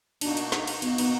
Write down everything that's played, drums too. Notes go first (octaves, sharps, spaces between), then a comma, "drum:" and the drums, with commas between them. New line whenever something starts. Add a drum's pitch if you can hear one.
B2 A#3 D4 D#4 F#4, drum: cymbal
drum: cymbal
drum: snare
drum: cymbal
B2 A#3 B3 D#4 F#4, drum: cymbal
B3, drum: cymbal